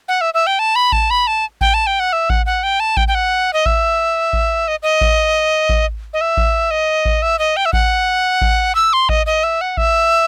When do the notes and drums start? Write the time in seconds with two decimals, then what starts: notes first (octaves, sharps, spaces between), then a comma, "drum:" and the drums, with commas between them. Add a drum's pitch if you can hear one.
0.08 F#5
0.21 E5
0.34 E5
0.47 G5
0.59 A5
0.76 B5
0.92 A5, drum: kick A1
1.10 B5
1.27 A5
1.61 G5, drum: kick A1
1.74 A5
1.87 G5
2.00 F#5
2.13 E5
2.30 F#5, drum: kick A1
2.46 F#5
2.63 G5
2.80 A5
2.97 G5, drum: kick A1
3.08 G5
3.15 F#5
3.53 D#5
3.66 E5, drum: kick A1
4.33 drum: kick A1
4.68 D#5
4.83 D#5
5.01 drum: kick A1
5.69 drum: kick A1
6.13 D#5
6.21 E5
6.37 drum: kick A1
6.71 D#5
7.05 drum: kick A1
7.22 E5
7.39 D#5
7.57 G5
7.66 E5
7.73 F#5, drum: kick A1
8.42 drum: kick A1
8.75 E6
8.93 C6
9.09 D#5, drum: kick A1
9.26 D#5
9.44 E5
9.61 F#5
9.77 E5, drum: kick A1